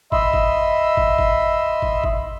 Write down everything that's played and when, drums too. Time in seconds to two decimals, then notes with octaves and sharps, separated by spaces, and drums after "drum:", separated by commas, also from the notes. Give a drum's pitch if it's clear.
0.12 D#5 E5 B5 C6 E6, drum: kick
0.33 drum: kick
0.97 drum: kick
1.19 drum: kick
1.82 drum: kick
2.04 drum: kick